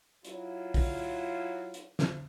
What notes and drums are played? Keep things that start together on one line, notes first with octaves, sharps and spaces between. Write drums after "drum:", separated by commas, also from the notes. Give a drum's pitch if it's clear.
F#3 E4 F4, drum: hi-hat
drum: kick, open hi-hat
drum: hi-hat
drum: snare